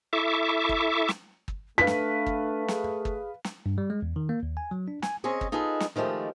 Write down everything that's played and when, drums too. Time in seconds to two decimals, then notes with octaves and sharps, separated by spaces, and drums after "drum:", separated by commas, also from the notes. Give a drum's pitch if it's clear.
0.13 E4 A4 E5 C#6 D6
0.69 drum: kick
1.09 drum: snare
1.48 drum: kick
1.78 A3 D4 B4 F5 B6
1.87 drum: snare
2.27 drum: kick
2.68 G#4, drum: snare
3.05 drum: kick
3.44 drum: snare
3.66 G2
3.78 G3
3.90 G#3
4.02 E2
4.16 D#3
4.29 A#3
4.43 D#2
4.57 G#5
4.71 F#3
4.88 D4
5.03 G#5, drum: snare
5.24 C4 C#4 G#4 C#5 D#5
5.41 drum: kick
5.52 D#4 F4 G#4 A4 B4
5.80 drum: snare
5.96 D#3 F3 G#3 A3 G4